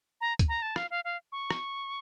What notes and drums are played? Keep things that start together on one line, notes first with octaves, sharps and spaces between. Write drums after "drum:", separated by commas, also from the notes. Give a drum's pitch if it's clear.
A#5
drum: kick C#2, hi-hat
A#5
A5
F5, drum: rim click
F5
F5
C#6
drum: rim click